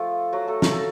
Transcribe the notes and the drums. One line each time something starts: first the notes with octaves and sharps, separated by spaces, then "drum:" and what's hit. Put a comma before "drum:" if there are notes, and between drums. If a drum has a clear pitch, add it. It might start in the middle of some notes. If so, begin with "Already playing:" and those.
Already playing: F3 A3 F4 A4
F#3 F#4
A3 A4
A#4, drum: snare
A4